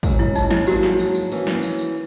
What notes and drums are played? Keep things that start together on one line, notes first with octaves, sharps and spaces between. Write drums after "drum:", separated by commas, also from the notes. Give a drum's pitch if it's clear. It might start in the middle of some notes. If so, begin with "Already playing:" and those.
G#2 F#3 C#4, drum: kick, tambourine
E4, drum: tom
D#4, drum: tambourine
E4, drum: snare
G#2 F#3 A#3 F#4, drum: tambourine
drum: snare
drum: tambourine
drum: tambourine
E3 A#3 C#4, drum: tambourine
drum: snare
drum: tambourine
drum: tambourine